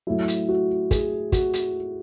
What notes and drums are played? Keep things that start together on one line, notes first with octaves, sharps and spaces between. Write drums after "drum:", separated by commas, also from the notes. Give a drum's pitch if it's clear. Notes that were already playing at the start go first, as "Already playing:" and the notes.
A2 F#3 E4
drum: hi-hat
F#4
G#4, drum: kick, hi-hat
F#4, drum: kick, hi-hat
drum: hi-hat